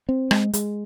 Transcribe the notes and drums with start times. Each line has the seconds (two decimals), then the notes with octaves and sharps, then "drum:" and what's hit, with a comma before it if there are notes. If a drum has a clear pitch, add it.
0.09 C4
0.31 G#3, drum: rim click
0.53 G#3, drum: hi-hat